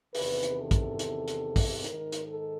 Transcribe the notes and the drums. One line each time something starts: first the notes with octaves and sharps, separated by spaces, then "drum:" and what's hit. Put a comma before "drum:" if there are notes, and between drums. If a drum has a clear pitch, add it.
E2 C3 D#3 B4, drum: open hi-hat
drum: hi-hat
A4
drum: kick, hi-hat
drum: hi-hat
drum: hi-hat
drum: kick, open hi-hat
G#2 D#3 A#4, drum: hi-hat
drum: hi-hat
A4